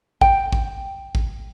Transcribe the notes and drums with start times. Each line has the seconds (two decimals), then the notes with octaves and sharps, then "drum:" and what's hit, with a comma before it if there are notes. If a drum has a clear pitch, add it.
0.21 G5, drum: kick A1
0.52 drum: kick A1
1.15 drum: kick A1